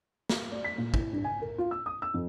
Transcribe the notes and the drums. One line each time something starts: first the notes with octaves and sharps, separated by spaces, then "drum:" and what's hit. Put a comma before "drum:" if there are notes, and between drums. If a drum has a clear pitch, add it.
drum: snare
D5
B6
A#2
E4, drum: kick
G2
G#5
A#4
F4
E6
D#6
E6
F2